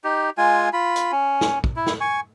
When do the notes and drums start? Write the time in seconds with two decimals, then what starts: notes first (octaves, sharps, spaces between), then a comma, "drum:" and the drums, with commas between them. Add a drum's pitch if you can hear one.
0.04 D#4 G4
0.38 G#3 F4 G#5
0.73 F4 B5
0.96 drum: hi-hat
1.12 C#4
1.41 drum: snare
1.64 drum: kick
1.76 E4
1.87 drum: snare
2.01 G#5 C#6